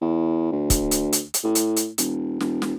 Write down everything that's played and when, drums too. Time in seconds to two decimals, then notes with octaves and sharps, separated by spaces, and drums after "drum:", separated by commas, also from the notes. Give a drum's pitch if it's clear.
0.02 E2
0.52 D2
0.70 drum: kick, hi-hat
0.91 drum: hi-hat
1.13 drum: hi-hat
1.34 drum: hi-hat
1.44 A2
1.55 drum: hi-hat
1.77 drum: hi-hat
1.98 E1, drum: hi-hat
2.40 E1, drum: snare
2.62 drum: snare